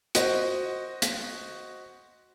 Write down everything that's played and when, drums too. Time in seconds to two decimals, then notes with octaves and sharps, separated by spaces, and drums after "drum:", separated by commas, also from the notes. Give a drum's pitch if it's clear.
0.15 F#4 C5 D#5, drum: hi-hat
1.02 drum: hi-hat